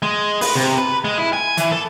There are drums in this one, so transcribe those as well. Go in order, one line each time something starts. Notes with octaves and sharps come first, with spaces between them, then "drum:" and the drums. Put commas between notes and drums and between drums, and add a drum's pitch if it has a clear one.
G#3
B4, drum: open hi-hat
C3
B4
G#3
E4
G#5
E3, drum: hi-hat
A4